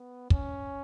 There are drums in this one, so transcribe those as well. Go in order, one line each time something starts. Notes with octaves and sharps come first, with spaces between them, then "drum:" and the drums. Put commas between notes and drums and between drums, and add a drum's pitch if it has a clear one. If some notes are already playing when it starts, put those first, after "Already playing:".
Already playing: B3
C#4, drum: kick